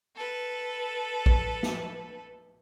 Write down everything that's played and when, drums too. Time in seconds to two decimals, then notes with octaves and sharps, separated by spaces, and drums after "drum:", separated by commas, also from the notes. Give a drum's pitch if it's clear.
0.16 A4 B4
1.26 drum: kick A#1
1.63 drum: snare